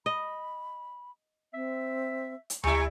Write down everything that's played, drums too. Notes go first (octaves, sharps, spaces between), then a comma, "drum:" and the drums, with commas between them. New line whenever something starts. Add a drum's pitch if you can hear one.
D#5 B5
C4 E5
drum: hi-hat
G3 E4 A#5 C#6, drum: tom D2